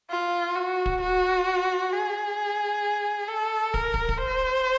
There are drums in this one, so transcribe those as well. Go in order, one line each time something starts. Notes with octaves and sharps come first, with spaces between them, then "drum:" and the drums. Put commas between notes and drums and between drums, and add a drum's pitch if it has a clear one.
F4
F#4
drum: kick
F#4
G#4
A4
A#4, drum: kick
drum: kick
drum: kick
C5